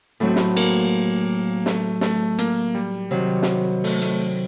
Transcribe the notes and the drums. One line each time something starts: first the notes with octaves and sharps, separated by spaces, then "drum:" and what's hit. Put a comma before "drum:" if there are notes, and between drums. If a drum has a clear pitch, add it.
A2 F#3 A3 C4 F#4
drum: snare
A#3, drum: cymbal
A3, drum: snare
A3, drum: snare
A#3, drum: hi-hat
G3
C3 D#3 F#3
drum: snare
A3, drum: open hi-hat
A3, drum: hi-hat